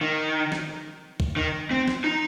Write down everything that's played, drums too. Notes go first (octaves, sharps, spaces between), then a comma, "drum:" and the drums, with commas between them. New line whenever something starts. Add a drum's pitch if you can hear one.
D#3
drum: snare
drum: kick
D#3
C4
drum: snare
D#4